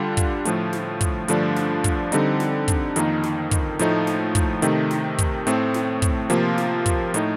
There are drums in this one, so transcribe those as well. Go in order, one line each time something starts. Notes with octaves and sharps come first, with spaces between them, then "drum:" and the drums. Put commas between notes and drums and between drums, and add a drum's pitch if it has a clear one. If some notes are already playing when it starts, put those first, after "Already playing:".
Already playing: D3 G3 D4 F4
drum: kick, hi-hat
A2 F3 A3, drum: hi-hat
drum: snare
drum: kick, hi-hat
G2 D3 F3 A3 D4, drum: hi-hat
drum: snare
drum: kick, hi-hat
D3 G3 C4 D#4, drum: hi-hat
drum: snare
drum: kick, hi-hat
F2 D#3 A#3 D#4, drum: hi-hat
drum: snare
drum: kick, hi-hat
A2 F3 A3 D#4, drum: hi-hat
drum: snare
drum: kick, hi-hat
C3 D#3 A3 D#4, drum: hi-hat
drum: snare
drum: kick, hi-hat
A2 A3 C4, drum: hi-hat
drum: snare
drum: kick, hi-hat
C3 F3 A#3 F4, drum: hi-hat
drum: snare
drum: kick, hi-hat
A2 A3 D#4, drum: hi-hat